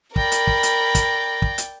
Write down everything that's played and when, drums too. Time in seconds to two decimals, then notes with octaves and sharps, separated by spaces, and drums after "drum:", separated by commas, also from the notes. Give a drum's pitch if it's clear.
0.16 A#4 D5 G5 B5 A#6, drum: kick
0.32 drum: hi-hat
0.47 drum: kick
0.63 drum: hi-hat
0.95 drum: kick, hi-hat
1.42 drum: kick
1.58 drum: hi-hat